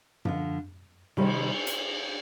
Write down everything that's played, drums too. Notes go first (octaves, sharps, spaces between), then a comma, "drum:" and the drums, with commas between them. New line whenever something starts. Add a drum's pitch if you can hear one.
D3 F3, drum: tom F#2
C3 D#3 G3, drum: cymbal
drum: hi-hat